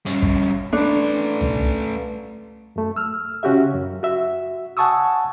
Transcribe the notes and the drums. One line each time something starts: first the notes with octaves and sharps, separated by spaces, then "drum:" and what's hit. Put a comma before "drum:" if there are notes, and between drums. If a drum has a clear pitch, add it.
G2 C#4, drum: hi-hat
drum: kick
A3 D4 B4
drum: tom C2
F#2 A3
E6 F6
C#3 C#4 F#4 G4 E5
F#2
F#4 E5
F#5 G#5 A5 C#6 D#6 E6